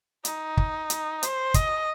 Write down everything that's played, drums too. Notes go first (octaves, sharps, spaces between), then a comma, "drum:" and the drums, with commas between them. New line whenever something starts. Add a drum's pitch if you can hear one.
D#4, drum: hi-hat
drum: kick
drum: hi-hat
C5, drum: hi-hat
D#5, drum: kick, hi-hat